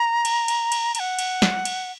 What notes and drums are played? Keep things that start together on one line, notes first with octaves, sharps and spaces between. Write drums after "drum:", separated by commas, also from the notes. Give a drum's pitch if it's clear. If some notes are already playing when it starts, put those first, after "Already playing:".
Already playing: A#5
drum: cymbal
drum: cymbal
drum: cymbal
A#5, drum: cymbal
F#5
drum: cymbal
drum: snare
drum: cymbal